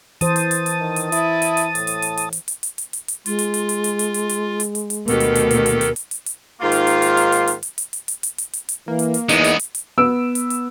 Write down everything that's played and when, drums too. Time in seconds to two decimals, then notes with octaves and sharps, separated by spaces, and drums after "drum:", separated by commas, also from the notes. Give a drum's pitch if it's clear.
0.21 E3 C5 A5 D#6, drum: hi-hat
0.36 drum: hi-hat
0.51 drum: hi-hat
0.66 drum: hi-hat
0.80 D#3
0.96 drum: hi-hat
1.12 E4, drum: hi-hat
1.42 drum: hi-hat
1.57 drum: hi-hat
1.75 A2, drum: hi-hat
1.87 drum: hi-hat
2.02 drum: hi-hat
2.17 drum: hi-hat
2.33 drum: hi-hat
2.48 drum: hi-hat
2.63 drum: hi-hat
2.78 drum: hi-hat
2.93 drum: hi-hat
3.08 drum: hi-hat
3.26 G#3 F4, drum: hi-hat
3.39 drum: hi-hat
3.54 drum: hi-hat
3.69 drum: hi-hat
3.84 drum: hi-hat
3.99 drum: hi-hat
4.14 drum: hi-hat
4.29 drum: hi-hat
4.60 drum: hi-hat
4.75 drum: hi-hat
4.90 drum: hi-hat
5.08 D2 B2 D#3 G4 A4 A#4, drum: hi-hat
5.20 drum: hi-hat
5.35 drum: hi-hat
5.51 drum: hi-hat
5.66 drum: hi-hat
5.81 drum: hi-hat
5.96 drum: hi-hat
6.11 drum: hi-hat
6.26 drum: hi-hat
6.60 G#2 D#3 A#3 F4
6.72 drum: hi-hat
6.87 drum: hi-hat
7.02 drum: hi-hat
7.17 drum: hi-hat
7.32 drum: hi-hat
7.47 drum: hi-hat
7.63 drum: hi-hat
7.78 drum: hi-hat
7.93 drum: hi-hat
8.08 drum: hi-hat
8.23 drum: hi-hat
8.38 drum: hi-hat
8.53 drum: hi-hat
8.69 drum: hi-hat
8.88 E3 A#3
8.99 drum: hi-hat
9.14 drum: hi-hat
9.29 E2 G#3 B3 D#4, drum: hi-hat
9.44 drum: hi-hat
9.59 drum: hi-hat
9.75 drum: hi-hat
9.98 B3 E6 D7
10.35 drum: hi-hat
10.50 drum: hi-hat